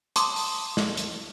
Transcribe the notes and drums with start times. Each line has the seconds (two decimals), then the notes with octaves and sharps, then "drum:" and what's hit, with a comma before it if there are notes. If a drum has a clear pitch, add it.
0.16 A5 A#5 C6 D6 D#6, drum: hi-hat
0.36 drum: open hi-hat
0.77 drum: snare
0.97 drum: hi-hat